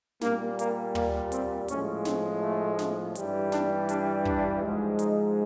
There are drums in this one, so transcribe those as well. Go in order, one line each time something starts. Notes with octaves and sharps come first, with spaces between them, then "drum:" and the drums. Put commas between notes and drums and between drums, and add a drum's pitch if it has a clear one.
A#2 G3 A#3, drum: snare
A#3, drum: hi-hat
A#3, drum: tom
C4, drum: hi-hat
A2 F3 G#3 C#4, drum: hi-hat
C4, drum: snare
A3
drum: snare
G2 E3 G3, drum: hi-hat
D4, drum: snare
D4, drum: hi-hat
D4, drum: kick
G#2 F3 G#3
D#4, drum: hi-hat